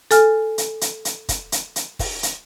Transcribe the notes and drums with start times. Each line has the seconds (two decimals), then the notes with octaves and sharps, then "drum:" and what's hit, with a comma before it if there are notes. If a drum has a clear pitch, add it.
0.11 A4 G#5 F6, drum: hi-hat
0.58 drum: hi-hat
0.81 drum: hi-hat
1.05 drum: hi-hat
1.29 drum: kick, hi-hat
1.52 drum: hi-hat
1.76 drum: hi-hat
1.99 drum: kick, open hi-hat
2.23 drum: hi-hat